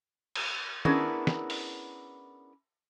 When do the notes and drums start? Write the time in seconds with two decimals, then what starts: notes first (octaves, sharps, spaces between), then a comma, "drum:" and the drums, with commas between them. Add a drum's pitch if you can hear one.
0.35 drum: cymbal
0.85 B3 C#4 D4 E4 G#4 A#4, drum: tom
1.27 drum: snare
1.50 drum: open hi-hat